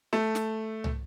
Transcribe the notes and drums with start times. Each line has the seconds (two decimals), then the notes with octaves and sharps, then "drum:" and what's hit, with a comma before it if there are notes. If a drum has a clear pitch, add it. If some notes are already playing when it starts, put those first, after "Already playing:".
0.13 A3
0.35 drum: snare
0.84 drum: tom